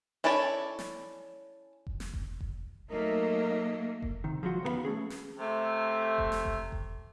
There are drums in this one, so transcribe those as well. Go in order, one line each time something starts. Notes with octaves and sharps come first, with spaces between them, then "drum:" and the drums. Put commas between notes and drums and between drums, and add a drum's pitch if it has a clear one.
C#4 E4 A4 C#5 D5
drum: snare
drum: kick F1
drum: snare
drum: kick F1
drum: kick F1
F#3 A3 A#3 D#4 A#4
drum: kick F1
C3 D#3
F3 F#3 G#3 F4 F#4
D#2 C#3 B3 A#4 F5 B5
A3 C#4 G#4
drum: snare
C3 A3
drum: kick F1
drum: snare
drum: kick F1
drum: kick F1